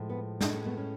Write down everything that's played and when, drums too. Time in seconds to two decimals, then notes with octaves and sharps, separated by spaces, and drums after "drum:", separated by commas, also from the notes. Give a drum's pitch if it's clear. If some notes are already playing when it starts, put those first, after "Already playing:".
Already playing: A2 F3 G#3
0.09 B3
0.41 A2 G#3 D4, drum: snare
0.54 C#4
0.66 B3
0.78 C#4